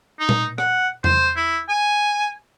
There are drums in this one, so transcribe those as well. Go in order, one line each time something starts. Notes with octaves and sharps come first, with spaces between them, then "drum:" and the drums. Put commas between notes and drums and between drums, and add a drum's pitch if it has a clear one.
D#4
drum: tom A#2
F#5, drum: rim click
C5, drum: tom E2
E4
G#5